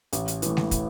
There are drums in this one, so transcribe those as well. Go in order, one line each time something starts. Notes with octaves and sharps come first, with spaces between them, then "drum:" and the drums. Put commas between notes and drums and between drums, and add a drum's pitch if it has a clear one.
A1, drum: hi-hat
drum: hi-hat
A2 E3, drum: hi-hat
drum: snare G#3
drum: kick, hi-hat